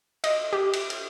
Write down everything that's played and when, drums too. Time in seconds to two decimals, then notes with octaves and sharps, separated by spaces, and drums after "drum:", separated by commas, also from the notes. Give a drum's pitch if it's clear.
0.24 D#5, drum: cymbal
0.53 G4
0.73 drum: cymbal
0.90 drum: cymbal